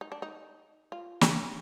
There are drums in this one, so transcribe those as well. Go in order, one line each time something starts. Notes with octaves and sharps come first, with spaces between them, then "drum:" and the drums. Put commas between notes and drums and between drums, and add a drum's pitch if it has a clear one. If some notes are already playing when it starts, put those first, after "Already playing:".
D#4
D4
D#4
F4
G4, drum: snare